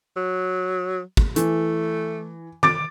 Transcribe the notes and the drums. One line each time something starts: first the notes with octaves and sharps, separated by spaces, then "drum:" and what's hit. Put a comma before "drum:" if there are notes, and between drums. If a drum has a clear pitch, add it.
F#3
drum: kick
E3 A3, drum: hi-hat
D6 A6 D7, drum: tom D#3